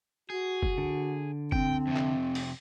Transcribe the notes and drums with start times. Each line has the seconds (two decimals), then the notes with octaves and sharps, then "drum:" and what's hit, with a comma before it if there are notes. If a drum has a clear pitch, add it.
0.30 F#4 G#4
0.63 drum: kick
0.78 D3
1.52 C4 G5, drum: kick
1.87 F2 C3
1.96 drum: clap
2.35 drum: open hi-hat